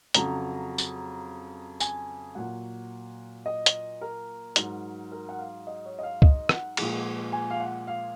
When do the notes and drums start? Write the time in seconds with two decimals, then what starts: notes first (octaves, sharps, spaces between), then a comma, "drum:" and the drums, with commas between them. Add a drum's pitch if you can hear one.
0.14 F2 C#3 F#3 A#5, drum: hi-hat
0.78 drum: tambourine
1.80 G#5, drum: tambourine
2.35 A#2 F#3 F#5
3.46 D#5
3.66 drum: hi-hat
4.01 A#4
4.56 G#2 F#3, drum: hi-hat
5.12 A#4
5.29 F#5
5.39 F5
5.67 D#5
5.86 C#5
5.99 D#5
6.03 F5
6.22 D#5, drum: kick C#2
6.49 F#5, drum: rim click
6.77 A#2 F3 G#3, drum: cymbal
7.32 G#5
7.50 F5
7.60 F#5
7.87 F5